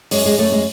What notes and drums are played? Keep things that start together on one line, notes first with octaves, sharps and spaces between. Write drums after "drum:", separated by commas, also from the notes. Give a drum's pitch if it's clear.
F#2 G#3, drum: open hi-hat
G#3
F#2 A3
G#3